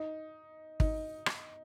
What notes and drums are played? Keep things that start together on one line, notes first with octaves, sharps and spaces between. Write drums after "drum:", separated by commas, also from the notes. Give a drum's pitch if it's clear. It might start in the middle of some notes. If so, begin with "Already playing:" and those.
Already playing: D#4
D#4, drum: kick
drum: rim click